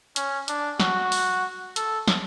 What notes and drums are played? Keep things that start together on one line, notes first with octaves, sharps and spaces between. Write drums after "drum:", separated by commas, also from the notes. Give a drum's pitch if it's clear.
C#4, drum: hi-hat
D4, drum: hi-hat
F#4, drum: snare
drum: open hi-hat
A4, drum: hi-hat
drum: snare